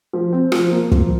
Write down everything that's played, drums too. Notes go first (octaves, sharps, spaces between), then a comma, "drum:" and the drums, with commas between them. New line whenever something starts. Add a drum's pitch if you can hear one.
F3
C4
F3, drum: rim click
A#3
F3, drum: kick